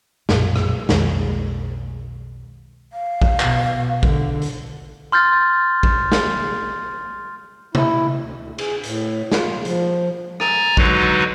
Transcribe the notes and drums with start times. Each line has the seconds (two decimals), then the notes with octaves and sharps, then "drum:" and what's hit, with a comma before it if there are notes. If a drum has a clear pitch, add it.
0.29 B1 F#2 A#2, drum: snare
0.56 drum: rim click
0.89 B1 F2 D#3 G#3, drum: snare
2.93 F5
3.22 drum: kick
3.40 B2, drum: clap
4.03 D3, drum: kick
4.42 drum: hi-hat
5.12 C6 F6 G6 A6
5.83 drum: kick
6.12 drum: snare
7.75 E4, drum: tom C3
8.22 D2
8.37 D2
8.58 G#4, drum: cymbal
8.84 A2, drum: hi-hat
9.32 F4, drum: snare
9.65 F3, drum: hi-hat
10.40 G#5 A#5 A6, drum: rim click
10.77 D3 F#3 G#3 D#4 F#4 B4, drum: kick